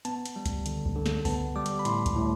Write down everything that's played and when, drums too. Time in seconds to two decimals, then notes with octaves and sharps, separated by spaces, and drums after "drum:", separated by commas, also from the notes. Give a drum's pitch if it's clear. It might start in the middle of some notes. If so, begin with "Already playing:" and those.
0.05 B3 A5, drum: hi-hat
0.26 drum: hi-hat
0.36 G3
0.46 drum: kick C#2, hi-hat
0.66 D3, drum: hi-hat
0.86 drum: kick C#2
0.95 D3
1.06 drum: snare
1.25 B3 A5, drum: kick C#2, open hi-hat
1.56 G3 D6
1.66 drum: hi-hat
1.79 B5
1.85 A2 C6, drum: hi-hat
2.06 drum: kick C#2, hi-hat
2.16 A2